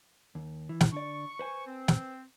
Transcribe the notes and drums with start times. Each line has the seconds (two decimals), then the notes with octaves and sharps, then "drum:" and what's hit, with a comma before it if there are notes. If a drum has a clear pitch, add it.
0.35 D#2
0.69 E3
0.81 drum: snare
0.92 D3 D5 C#6
1.39 B4 C5 G#5
1.67 C4
1.88 drum: snare